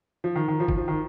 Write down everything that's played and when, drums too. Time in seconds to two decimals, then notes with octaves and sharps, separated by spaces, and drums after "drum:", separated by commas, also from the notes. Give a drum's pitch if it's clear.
0.24 F3
0.35 D#3
0.48 D#3
0.60 F3
0.68 D#3, drum: kick
0.77 F3
0.88 D#3